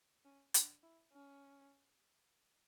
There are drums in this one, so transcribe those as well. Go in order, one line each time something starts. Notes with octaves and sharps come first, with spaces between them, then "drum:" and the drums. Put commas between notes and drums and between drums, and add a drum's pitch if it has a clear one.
C#4
D4, drum: hi-hat
E4
C#4